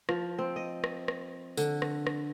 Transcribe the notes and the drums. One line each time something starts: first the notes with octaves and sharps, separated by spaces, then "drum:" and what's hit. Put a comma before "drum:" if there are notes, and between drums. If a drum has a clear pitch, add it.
F3, drum: rim click
C4
D#5
drum: rim click
drum: rim click
D3, drum: tambourine
drum: rim click
drum: rim click